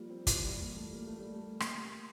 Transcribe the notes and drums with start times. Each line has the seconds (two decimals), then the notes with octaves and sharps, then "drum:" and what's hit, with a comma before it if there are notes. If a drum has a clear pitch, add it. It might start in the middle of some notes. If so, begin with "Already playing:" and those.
Already playing: F3 G3 A#3
0.10 C4
0.27 E3, drum: kick, hi-hat
0.44 G3
0.60 A#3
0.76 A3
0.94 A#3
1.06 A3
1.19 G3
1.32 A3
1.60 A#3, drum: rim click